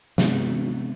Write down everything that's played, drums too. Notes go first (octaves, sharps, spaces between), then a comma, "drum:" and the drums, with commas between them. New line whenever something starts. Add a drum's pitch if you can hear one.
C3 G#3 B3, drum: snare